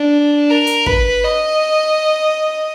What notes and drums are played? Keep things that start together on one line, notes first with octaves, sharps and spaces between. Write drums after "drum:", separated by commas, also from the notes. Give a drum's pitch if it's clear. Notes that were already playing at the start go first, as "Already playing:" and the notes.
Already playing: D4
A#4
drum: hi-hat
B4, drum: kick
D#5